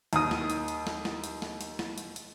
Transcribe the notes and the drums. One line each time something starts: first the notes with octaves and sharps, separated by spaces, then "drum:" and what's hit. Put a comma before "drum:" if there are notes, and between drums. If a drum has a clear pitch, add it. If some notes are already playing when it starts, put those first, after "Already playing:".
D#2 D#6, drum: hi-hat
drum: snare
drum: hi-hat
drum: hi-hat
drum: snare
drum: snare
drum: hi-hat
drum: snare
drum: hi-hat
drum: snare
drum: hi-hat
drum: hi-hat